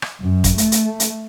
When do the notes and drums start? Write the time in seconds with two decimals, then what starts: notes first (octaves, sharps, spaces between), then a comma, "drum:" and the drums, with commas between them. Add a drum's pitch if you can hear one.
0.02 drum: rim click
0.21 F#2
0.44 drum: kick, hi-hat
0.58 A3, drum: hi-hat
0.72 drum: hi-hat
1.00 drum: hi-hat